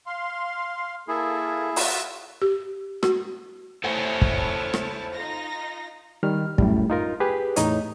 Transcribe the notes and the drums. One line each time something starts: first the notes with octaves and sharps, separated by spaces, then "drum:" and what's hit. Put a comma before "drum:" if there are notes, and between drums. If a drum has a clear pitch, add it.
F5 C6
A#3 E4 G#4 A4
F4 F#4 E5, drum: open hi-hat
G4
F#4, drum: rim click
E4 A4 C5 C#5 F#5 A5
drum: kick
drum: rim click
D#4 F4 A#6
D#3 G3 F6
F#2 A2 G3, drum: kick
D#4 F4 A#4
G4 G#4 B4
E2 A2 D#4 C#5, drum: hi-hat